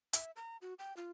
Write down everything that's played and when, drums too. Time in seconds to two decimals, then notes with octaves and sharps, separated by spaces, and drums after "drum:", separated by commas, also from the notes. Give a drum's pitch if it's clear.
0.13 E5, drum: hi-hat
0.36 A#5
0.62 F#4
0.79 G5
0.97 F4